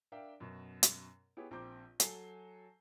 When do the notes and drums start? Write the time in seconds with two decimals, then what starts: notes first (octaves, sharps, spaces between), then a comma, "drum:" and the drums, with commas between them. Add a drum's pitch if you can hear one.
0.12 D4 A#4 E5 F5 G5
0.40 F#2 B2
0.83 drum: hi-hat
1.37 B3 E4 G4 G#4 C#5
1.51 A#1 C4 A#5 D6 G6
2.00 F#3 A4 F#5 G#5 C7 G7, drum: hi-hat